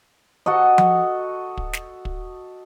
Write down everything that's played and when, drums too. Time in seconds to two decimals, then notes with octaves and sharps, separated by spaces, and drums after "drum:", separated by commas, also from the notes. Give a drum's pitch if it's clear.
0.46 F#4 A4 D#5
0.78 drum: tom F3
1.57 drum: kick
1.73 drum: snare
2.05 drum: kick